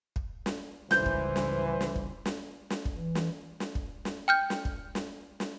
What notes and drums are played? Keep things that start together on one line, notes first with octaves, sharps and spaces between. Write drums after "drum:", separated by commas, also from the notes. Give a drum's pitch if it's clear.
drum: kick
drum: snare
G#1 C#2 E3 G3 C5 G6, drum: snare
drum: kick
drum: snare
drum: snare
drum: kick
drum: snare
drum: snare
drum: kick
E3
drum: snare
drum: snare
drum: kick
drum: snare
G5 F6 G6
drum: snare
drum: kick
drum: snare
drum: snare